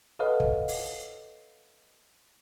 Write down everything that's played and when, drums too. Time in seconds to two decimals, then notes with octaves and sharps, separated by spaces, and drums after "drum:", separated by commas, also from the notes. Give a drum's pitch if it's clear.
0.19 A4 B4 C#5 D#5 F5 F#5
0.40 drum: kick
0.68 drum: open hi-hat